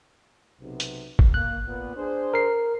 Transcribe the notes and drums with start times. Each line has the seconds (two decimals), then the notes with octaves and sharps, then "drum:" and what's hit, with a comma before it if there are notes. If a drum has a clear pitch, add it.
0.60 B1 C3 B3
0.80 drum: hi-hat
1.19 drum: kick
1.34 A#3 F#6
1.66 A#2 B3
1.96 D4 G#4 C5
2.34 A#4 C7